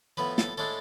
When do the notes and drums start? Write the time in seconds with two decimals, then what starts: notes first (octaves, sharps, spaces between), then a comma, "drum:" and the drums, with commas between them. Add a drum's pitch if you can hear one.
0.17 A2 F3 B3 B4
0.38 A4, drum: snare
0.58 A2 G#3 D4 A4